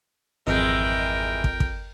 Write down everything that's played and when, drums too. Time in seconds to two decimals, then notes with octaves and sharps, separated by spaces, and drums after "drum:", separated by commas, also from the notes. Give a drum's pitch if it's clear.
0.47 G#1 F2 E3 G#3 A#4 D#5 G5
1.44 drum: kick
1.60 drum: kick